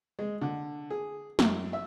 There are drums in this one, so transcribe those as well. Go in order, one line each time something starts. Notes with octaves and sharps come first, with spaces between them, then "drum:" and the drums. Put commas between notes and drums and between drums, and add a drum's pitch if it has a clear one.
G#3
D3
G#4
F#2, drum: snare
E5